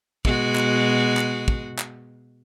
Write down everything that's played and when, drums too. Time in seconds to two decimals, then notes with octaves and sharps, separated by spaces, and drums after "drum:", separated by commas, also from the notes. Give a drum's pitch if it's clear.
0.25 B2 G#3 F#4, drum: kick
0.56 drum: clap
1.17 drum: clap
1.48 drum: kick
1.79 drum: clap